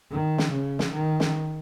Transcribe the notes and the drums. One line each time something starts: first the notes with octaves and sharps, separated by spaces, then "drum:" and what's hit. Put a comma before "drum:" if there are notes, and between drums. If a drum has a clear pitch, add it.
D#3
drum: snare
C#3
drum: snare
D#3
drum: snare